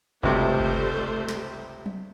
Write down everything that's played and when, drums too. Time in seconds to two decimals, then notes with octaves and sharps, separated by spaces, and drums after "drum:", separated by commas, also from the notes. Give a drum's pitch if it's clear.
0.23 C#2 G2 C3 G3 A3 C5, drum: kick F#1
0.60 drum: kick F#1
1.28 drum: snare
1.86 drum: tom